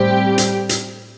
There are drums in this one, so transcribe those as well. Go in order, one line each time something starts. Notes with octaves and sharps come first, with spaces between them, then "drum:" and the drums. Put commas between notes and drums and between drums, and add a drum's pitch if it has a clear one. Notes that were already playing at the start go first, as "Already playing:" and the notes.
Already playing: A2 G3 C4 G4
drum: hi-hat
drum: hi-hat